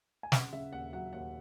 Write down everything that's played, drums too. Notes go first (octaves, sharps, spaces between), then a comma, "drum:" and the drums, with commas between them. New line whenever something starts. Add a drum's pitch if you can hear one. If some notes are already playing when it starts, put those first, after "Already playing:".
G#5
C#3 F#5, drum: snare
C#3 E5
D#2 F#5
F#3 F#5
D#2 F#5